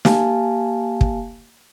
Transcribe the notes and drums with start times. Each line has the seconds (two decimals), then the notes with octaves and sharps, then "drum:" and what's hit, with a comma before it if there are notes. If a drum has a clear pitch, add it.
0.05 A#3 G4 F5 G#5 A5, drum: snare
1.01 drum: kick